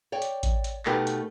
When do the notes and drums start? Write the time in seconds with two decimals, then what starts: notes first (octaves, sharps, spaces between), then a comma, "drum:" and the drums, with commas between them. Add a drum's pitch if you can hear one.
0.12 C#5 D5 G5
0.22 drum: hi-hat
0.43 drum: kick A1, hi-hat
0.64 drum: hi-hat
0.86 B2 A3 D#4 G4 A#4 B4, drum: clap
1.07 drum: hi-hat